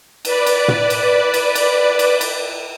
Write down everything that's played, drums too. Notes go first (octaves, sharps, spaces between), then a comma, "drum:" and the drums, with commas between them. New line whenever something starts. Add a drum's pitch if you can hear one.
B4 D5, drum: cymbal
drum: cymbal
drum: tom
drum: cymbal
drum: cymbal
drum: cymbal
drum: cymbal
drum: cymbal